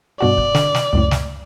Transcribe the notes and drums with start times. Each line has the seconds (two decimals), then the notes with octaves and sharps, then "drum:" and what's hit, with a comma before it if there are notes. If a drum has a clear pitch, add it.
0.21 G2 B2 F#4 D5
0.38 drum: kick
0.55 D3, drum: snare
0.75 drum: snare
0.93 C#2 F#2 A2
1.11 drum: snare